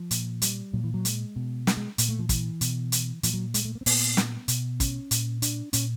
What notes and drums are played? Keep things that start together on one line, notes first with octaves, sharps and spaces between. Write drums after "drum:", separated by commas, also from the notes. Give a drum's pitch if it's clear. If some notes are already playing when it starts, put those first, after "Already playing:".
Already playing: F3
A#2, drum: hi-hat
G3, drum: hi-hat
A#2 F#3
E3
F#3
G#3, drum: hi-hat
B2
A3, drum: snare
G#3
A#2 A#3, drum: hi-hat
A3
F3
E3, drum: kick, hi-hat
B2, drum: hi-hat
drum: hi-hat
A#2 F3, drum: hi-hat
F#3
G#3, drum: hi-hat
A3
A#3
C4
A#2 B3, drum: open hi-hat
drum: snare
B2, drum: hi-hat
C#4, drum: kick, hi-hat
A#2, drum: hi-hat
D4, drum: hi-hat
A#2 C#4, drum: hi-hat